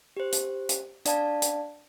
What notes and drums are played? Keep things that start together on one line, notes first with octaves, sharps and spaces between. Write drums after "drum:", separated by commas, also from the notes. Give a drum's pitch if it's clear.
G4 C5
drum: hi-hat
drum: hi-hat
D4 D5 F5 A5, drum: hi-hat
drum: hi-hat